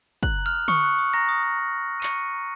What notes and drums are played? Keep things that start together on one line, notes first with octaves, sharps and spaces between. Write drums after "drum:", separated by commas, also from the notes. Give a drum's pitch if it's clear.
A#5 F#6 F#7, drum: kick
A#5
F6 F7
D#6
C#6 D#6 C#7, drum: tom D3
F#6
D#6
A#5 A#6
D#6
D#6
A#5
D#6
D#6
D#7
A#5 C#6 C#7, drum: clap
F6
A#5